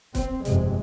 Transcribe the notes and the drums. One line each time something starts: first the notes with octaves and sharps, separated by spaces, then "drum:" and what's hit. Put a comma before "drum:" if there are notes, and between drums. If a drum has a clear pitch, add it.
C4, drum: kick, hi-hat
G1 F2 C3 G#3, drum: hi-hat